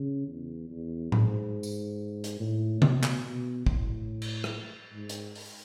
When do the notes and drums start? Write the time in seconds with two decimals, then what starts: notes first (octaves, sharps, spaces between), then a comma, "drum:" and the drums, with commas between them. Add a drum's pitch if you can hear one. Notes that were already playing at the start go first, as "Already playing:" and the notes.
Already playing: C#3
0.27 E2
0.70 E2
1.12 G#2, drum: tom A2
1.63 drum: tambourine
2.24 drum: hi-hat
2.40 A2
2.82 B2, drum: tom C3
3.04 drum: clap
3.24 B2
3.66 A2, drum: kick
4.22 drum: cymbal
4.44 drum: rim click
4.94 G#2
5.09 drum: hi-hat
5.35 drum: open hi-hat